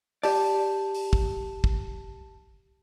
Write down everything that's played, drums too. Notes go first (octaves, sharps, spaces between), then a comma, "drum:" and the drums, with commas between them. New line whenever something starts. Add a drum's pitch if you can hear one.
G4 D5 A5, drum: open hi-hat
drum: open hi-hat
drum: kick
drum: kick